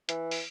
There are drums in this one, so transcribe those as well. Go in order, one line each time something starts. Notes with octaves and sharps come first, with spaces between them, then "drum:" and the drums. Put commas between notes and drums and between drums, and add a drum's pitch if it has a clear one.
E3, drum: hi-hat
drum: open hi-hat